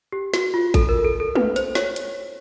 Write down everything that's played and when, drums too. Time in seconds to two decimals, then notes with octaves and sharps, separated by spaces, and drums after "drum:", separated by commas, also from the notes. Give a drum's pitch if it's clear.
0.12 G4
0.34 F#4, drum: snare
0.54 F4
0.74 A4, drum: kick A1, hi-hat
0.89 A#4
1.05 A4
1.20 A4
1.35 B4, drum: tom G#3
1.56 C5, drum: hi-hat
1.75 C#5, drum: snare
1.96 drum: hi-hat